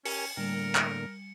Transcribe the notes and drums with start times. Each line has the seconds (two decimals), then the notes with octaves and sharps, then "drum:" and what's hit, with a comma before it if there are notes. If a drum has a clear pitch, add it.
0.05 C#4 G4 A#4 G#5 C#7, drum: open hi-hat
0.37 A2 D3 G3 A#3 A#4
0.75 drum: clap